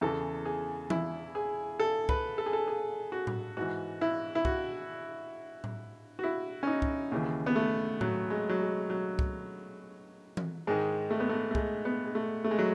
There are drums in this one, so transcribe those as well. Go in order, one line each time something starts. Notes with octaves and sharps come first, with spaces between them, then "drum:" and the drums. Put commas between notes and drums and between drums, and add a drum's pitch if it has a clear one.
E2 C#3 E3 A4
G#4
E4, drum: tom E3
G#4
A4
B4, drum: kick
A4
G#4
A4
G#4
F#4
drum: tom A2
G#2 E3 F#4
E4
E4
F#4, drum: kick
drum: tom A2
F#4
E4
C#4
D#4
drum: kick
D#2 C#3 E3
B3
A3
F#3, drum: tom A2
G#3
F#3
G#3
F#3
drum: kick
drum: tom E3
G#2 D#3 G#3
A3
B3
A3
A3
G#3, drum: kick
B3
G#3
A3
A3
G#3
F#3